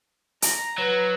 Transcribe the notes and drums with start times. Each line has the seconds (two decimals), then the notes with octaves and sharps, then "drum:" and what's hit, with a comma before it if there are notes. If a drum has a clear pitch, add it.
0.42 A#5, drum: hi-hat
0.78 F#3 B4